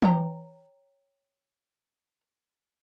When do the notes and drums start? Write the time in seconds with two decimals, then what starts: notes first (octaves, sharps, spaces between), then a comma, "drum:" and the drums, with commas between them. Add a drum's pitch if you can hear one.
0.02 C#5 G5 A#5, drum: tom E3